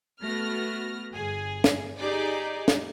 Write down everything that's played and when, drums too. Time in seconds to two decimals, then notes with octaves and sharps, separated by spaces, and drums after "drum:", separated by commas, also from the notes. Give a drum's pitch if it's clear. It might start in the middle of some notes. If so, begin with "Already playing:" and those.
0.22 A3 B3 F#4 F6 A#6
1.12 G1 G#4
1.64 drum: snare
1.99 D#4 G4 G#4 D5
2.68 drum: snare